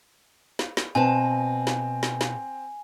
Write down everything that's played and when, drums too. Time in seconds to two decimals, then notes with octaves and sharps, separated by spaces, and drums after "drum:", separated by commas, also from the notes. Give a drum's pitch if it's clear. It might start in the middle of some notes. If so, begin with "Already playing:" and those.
0.59 drum: snare
0.77 drum: snare
0.95 B2 C4 G#5 A5
1.67 drum: snare
2.03 drum: snare
2.21 drum: snare